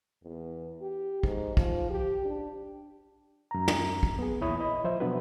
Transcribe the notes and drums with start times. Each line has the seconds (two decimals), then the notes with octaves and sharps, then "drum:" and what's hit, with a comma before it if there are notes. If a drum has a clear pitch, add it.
0.24 E2
0.81 G4
1.23 G#2, drum: kick
1.57 F3, drum: kick
1.90 G4
2.25 D4
3.51 F#2 A#5
3.68 drum: tom
4.03 drum: kick
4.19 B3 G#4
4.41 E2 A#2 E4 C#5 B5 D#6
4.60 D#5 B5
4.84 F3 C5 E5
5.00 B2 F#3 B3 D4 F#4 B4